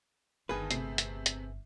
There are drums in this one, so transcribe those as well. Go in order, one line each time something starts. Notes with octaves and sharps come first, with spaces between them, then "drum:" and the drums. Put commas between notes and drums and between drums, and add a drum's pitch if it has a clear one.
G1 G2 D#3 G#4 B4
C3 A3 C7, drum: hi-hat
drum: hi-hat
drum: hi-hat